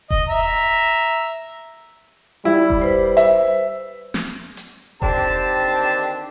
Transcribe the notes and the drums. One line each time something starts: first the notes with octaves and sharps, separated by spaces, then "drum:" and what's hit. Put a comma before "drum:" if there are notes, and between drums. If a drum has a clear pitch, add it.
D#5, drum: kick E1
E5 A#5
G3 E4
drum: kick E1
B4 C5
E5, drum: hi-hat
drum: snare
drum: hi-hat
D3 D#3 C4 D4 G4 A5, drum: kick E1